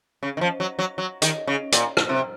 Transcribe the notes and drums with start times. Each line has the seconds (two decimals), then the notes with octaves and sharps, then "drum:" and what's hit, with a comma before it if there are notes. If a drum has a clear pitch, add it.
0.23 C#3
0.37 D#3
0.41 F3
0.60 F#3
0.79 F#3
0.98 F#3
1.22 D#3, drum: hi-hat
1.47 C#3
1.72 A#2, drum: hi-hat
1.97 drum: rim click
2.09 C3